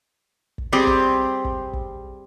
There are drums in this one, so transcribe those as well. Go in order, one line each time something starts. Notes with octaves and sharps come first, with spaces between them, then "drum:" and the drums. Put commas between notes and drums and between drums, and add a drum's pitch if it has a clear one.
drum: kick
G3 C4 G4 G#4
drum: kick
drum: kick
drum: kick